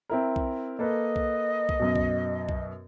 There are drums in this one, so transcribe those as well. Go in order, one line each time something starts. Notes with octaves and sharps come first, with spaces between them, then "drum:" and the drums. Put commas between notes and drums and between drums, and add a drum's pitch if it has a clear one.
C4 E4 A#4
drum: kick B1
A#3 A4 B4 D#5
drum: kick B1
drum: kick B1
F#2 B2
drum: kick B1
drum: kick B1